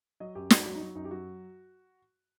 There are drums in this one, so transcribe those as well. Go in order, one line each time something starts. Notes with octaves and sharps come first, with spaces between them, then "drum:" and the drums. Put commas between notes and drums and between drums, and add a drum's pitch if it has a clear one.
F#3 D#5
F#2 G4
F#2 F#4, drum: snare
F#3 F#4
D#4
F#3
F#2 D#4
G4
F#3 F#4